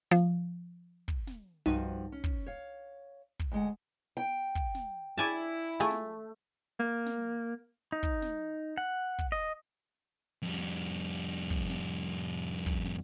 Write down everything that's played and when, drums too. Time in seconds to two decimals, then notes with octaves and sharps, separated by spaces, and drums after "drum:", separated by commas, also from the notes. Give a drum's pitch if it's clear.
0.11 F3, drum: snare
1.08 drum: kick
1.27 drum: snare
1.66 C2 G2 F3 D#4 F#4
2.12 C#4
2.24 drum: kick
2.46 C#5 F5
3.39 drum: kick
3.52 D2 G#3 F#5
4.17 G5
4.55 drum: kick
4.75 drum: snare
5.18 E4 D5 G#5 A5
5.80 A3 F4 G#4 A4
5.90 drum: snare
6.79 A#3
7.06 drum: snare
7.92 D#4
8.03 drum: kick
8.22 drum: snare
8.78 F#5
9.19 drum: kick
9.32 D#5
10.42 F2 G3
10.54 drum: snare
11.50 drum: kick
11.69 drum: snare
12.66 drum: kick
12.85 drum: snare